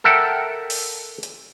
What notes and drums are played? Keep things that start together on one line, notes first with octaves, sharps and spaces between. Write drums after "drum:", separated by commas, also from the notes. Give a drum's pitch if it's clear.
A4 A#4 E5 F#5 G5
drum: open hi-hat
drum: hi-hat